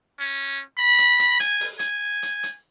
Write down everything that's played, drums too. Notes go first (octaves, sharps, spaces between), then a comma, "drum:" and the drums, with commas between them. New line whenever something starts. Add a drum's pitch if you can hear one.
C#4
B5
drum: hi-hat
drum: hi-hat
G#5, drum: hi-hat
drum: open hi-hat
G#5, drum: hi-hat
drum: hi-hat
drum: hi-hat